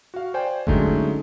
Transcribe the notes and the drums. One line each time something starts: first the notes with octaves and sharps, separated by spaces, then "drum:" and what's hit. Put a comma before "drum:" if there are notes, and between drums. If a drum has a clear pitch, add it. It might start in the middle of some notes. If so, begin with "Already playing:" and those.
F#4 F5
C5 D5 G5 G#5
D3 F#3 G#3 A3 C#4 D#4, drum: kick F#1